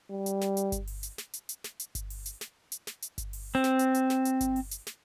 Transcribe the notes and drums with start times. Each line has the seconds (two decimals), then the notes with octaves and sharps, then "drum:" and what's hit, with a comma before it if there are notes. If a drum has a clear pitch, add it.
0.11 G3
0.26 drum: hi-hat
0.41 drum: snare
0.57 drum: hi-hat
0.72 drum: kick G1, hi-hat
0.87 drum: open hi-hat
1.03 drum: hi-hat
1.18 drum: snare
1.33 drum: hi-hat
1.49 drum: hi-hat
1.64 drum: snare
1.80 drum: hi-hat
1.95 drum: kick G1, hi-hat
2.10 drum: open hi-hat
2.26 drum: hi-hat
2.41 drum: snare
2.72 drum: hi-hat
2.87 drum: snare
3.02 drum: hi-hat
3.18 drum: kick G1, hi-hat
3.33 drum: open hi-hat
3.55 C4
3.64 drum: snare
3.79 drum: hi-hat
3.95 drum: hi-hat
4.10 drum: snare
4.25 drum: hi-hat
4.41 drum: kick G1, hi-hat
4.56 drum: open hi-hat
4.71 drum: hi-hat
4.87 drum: snare